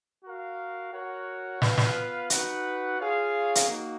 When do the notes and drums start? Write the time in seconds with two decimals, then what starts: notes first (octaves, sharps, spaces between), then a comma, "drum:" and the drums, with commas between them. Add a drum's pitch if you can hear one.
0.25 F#4 A#4 F5
0.93 F#4 A#4 C#5 F#5
1.62 B3 F4 B4 F5, drum: snare
1.78 drum: snare
2.30 D#4 F#4 B4 F#5, drum: hi-hat
2.98 F4 G#4 C#5 F5
3.55 drum: hi-hat
3.67 A#3 D#4 F#4